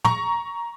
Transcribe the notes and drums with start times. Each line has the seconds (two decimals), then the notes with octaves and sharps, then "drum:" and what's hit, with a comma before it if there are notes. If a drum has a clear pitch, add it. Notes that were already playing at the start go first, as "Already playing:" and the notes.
0.05 A#5 C#6, drum: tom